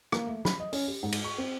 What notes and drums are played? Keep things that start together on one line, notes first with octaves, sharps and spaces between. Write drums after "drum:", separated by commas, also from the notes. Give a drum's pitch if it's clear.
A#3, drum: rim click
A3
B5, drum: snare
D#5
C#4, drum: open hi-hat
G4
G#2
drum: cymbal
C#6
C4